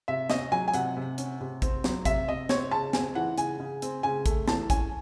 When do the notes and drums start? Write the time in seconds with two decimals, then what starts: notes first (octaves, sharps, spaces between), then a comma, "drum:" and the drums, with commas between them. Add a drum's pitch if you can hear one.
0.08 C3 E5
0.30 C#4 D#5, drum: snare
0.52 F#3 G#5
0.68 G#5
0.74 C3 F#5, drum: hi-hat
0.97 C3
1.18 C#4, drum: hi-hat
1.41 C3
1.62 C4, drum: kick, hi-hat
1.84 F#3, drum: snare
2.05 C3 E5, drum: kick, hi-hat
2.28 C3 D#5
2.49 C4 C#5, drum: snare
2.71 C#3 A5
2.93 C4 G#5, drum: snare
3.15 E3 F#5
3.38 C#3 G#5, drum: hi-hat
3.60 C#3
3.82 C4, drum: hi-hat
4.03 C#3 G#5
4.26 A3, drum: kick, hi-hat
4.48 E3 A5, drum: snare
4.70 C#4 G#5, drum: kick, hi-hat